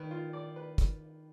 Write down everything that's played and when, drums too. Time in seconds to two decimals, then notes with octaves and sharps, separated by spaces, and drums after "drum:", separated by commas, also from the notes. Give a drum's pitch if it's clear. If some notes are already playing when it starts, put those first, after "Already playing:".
Already playing: D#3 B4
0.11 F4
0.33 D5
0.56 B4
0.78 drum: kick, hi-hat